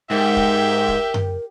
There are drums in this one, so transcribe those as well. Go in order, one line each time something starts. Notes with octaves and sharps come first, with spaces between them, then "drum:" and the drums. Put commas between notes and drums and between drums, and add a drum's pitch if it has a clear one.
G#2 G4 A#4 E5 G5
drum: kick
drum: kick
drum: tom F#2